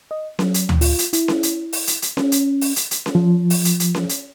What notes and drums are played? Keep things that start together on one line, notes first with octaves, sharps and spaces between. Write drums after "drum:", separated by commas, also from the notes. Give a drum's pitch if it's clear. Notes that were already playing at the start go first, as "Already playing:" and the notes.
D#5
F#3, drum: snare C#4
drum: hi-hat
drum: tom D2
F4, drum: open hi-hat
drum: hi-hat
E4, drum: hi-hat
drum: snare C#4
drum: hi-hat
drum: open hi-hat
drum: hi-hat
drum: hi-hat
C#4, drum: snare C#4
drum: hi-hat
drum: open hi-hat
drum: hi-hat
drum: hi-hat
drum: snare C#4
F3
drum: open hi-hat
drum: hi-hat
drum: hi-hat
drum: snare C#4
drum: hi-hat